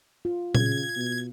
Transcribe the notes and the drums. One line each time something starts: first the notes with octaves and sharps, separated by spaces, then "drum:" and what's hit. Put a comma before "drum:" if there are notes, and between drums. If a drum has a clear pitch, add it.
F4
C#3 G#6, drum: tom A#2
B2